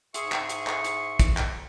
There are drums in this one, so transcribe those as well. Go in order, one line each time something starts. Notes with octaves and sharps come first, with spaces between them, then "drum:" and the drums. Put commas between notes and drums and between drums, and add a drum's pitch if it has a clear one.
G#2 G#4 E5 C6 C#6, drum: hi-hat
drum: clap
drum: hi-hat
drum: clap
drum: hi-hat
drum: kick, hi-hat
drum: clap